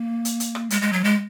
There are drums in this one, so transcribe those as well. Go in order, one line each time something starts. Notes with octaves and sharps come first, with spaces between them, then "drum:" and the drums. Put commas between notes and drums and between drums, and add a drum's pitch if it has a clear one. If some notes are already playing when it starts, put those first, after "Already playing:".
Already playing: A#3
drum: hi-hat
drum: hi-hat
drum: rim click
G#3, drum: hi-hat
G#3
F#3
G#3